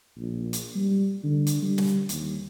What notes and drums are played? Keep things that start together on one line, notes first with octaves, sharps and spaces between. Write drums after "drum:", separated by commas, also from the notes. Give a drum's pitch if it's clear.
A#1
drum: hi-hat
G3
D3
drum: hi-hat
G3
drum: snare
D#2, drum: hi-hat